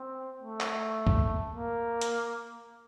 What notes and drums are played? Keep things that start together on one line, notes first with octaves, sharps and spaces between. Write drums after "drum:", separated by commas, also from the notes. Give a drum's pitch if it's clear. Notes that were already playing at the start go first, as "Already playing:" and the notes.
Already playing: C4
A3
drum: clap
drum: kick
A#3
drum: hi-hat